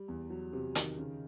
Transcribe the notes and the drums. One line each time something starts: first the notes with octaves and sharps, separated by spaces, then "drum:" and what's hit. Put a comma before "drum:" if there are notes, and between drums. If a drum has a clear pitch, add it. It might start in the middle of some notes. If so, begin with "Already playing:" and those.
Already playing: G3
E2
F#3
C3
D#3, drum: hi-hat
C#3